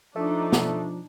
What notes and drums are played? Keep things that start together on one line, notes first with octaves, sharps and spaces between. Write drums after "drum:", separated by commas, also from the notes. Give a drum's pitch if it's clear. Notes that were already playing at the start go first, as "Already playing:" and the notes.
F3 A3 D4 D#4
drum: snare